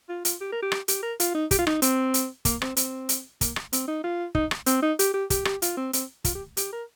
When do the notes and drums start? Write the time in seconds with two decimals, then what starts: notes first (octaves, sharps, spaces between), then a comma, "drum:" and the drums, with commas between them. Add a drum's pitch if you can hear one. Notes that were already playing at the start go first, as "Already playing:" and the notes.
0.09 F4
0.25 F4, drum: hi-hat
0.41 G4
0.52 A#4
0.62 G4
0.72 drum: rim click
0.88 G4, drum: hi-hat
1.03 A#4
1.20 F4, drum: hi-hat
1.35 D#4
1.51 G4, drum: kick, hi-hat
1.59 F4
1.67 D#4, drum: rim click
1.82 C4, drum: hi-hat
2.14 drum: hi-hat
2.45 A#3, drum: kick, hi-hat
2.62 C4, drum: rim click
2.77 C4, drum: hi-hat
3.09 drum: hi-hat
3.41 A#3, drum: kick, hi-hat
3.56 drum: rim click
3.73 C4, drum: hi-hat
3.88 D#4
4.04 F4
4.35 D#4, drum: kick
4.51 drum: rim click
4.66 C4, drum: hi-hat
4.82 D#4
4.99 G4, drum: hi-hat
5.14 G4
5.30 G4, drum: kick, hi-hat
5.45 G4, drum: rim click
5.62 F4, drum: hi-hat
5.77 C4
5.93 C4, drum: hi-hat
6.25 F4, drum: kick, hi-hat
6.35 G4
6.57 G4, drum: hi-hat
6.73 A#4